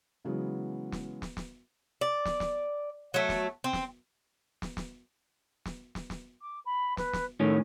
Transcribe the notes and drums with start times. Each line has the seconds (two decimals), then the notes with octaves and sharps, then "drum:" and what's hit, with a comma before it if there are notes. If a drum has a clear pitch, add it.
0.25 C#3 E3 F#3 G#3 B3
0.92 drum: snare
1.22 drum: snare
1.37 drum: snare
2.01 D5
2.25 drum: snare
2.40 drum: snare
3.14 F#3 A3
3.29 drum: snare
3.64 C4
3.73 drum: snare
4.62 drum: snare
4.77 drum: snare
5.65 drum: snare
5.95 drum: snare
6.10 drum: snare
6.41 D6
6.65 B5
6.97 B4, drum: snare
7.13 drum: snare
7.40 A2 D#3 C#4 A4